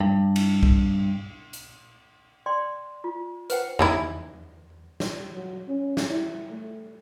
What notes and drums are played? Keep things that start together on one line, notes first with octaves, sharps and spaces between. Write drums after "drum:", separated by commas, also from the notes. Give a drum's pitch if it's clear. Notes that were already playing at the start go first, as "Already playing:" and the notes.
G2
drum: cymbal
drum: kick
drum: hi-hat
D5 G5 C6
F4
B4 C5 F#5 G5, drum: hi-hat
E3 D#4 E4, drum: tom E2
drum: snare
F#3
C#4
drum: snare
E4
A3